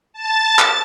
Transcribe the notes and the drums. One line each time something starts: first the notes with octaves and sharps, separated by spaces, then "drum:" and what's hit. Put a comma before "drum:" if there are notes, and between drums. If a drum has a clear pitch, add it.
A5 A6
drum: clap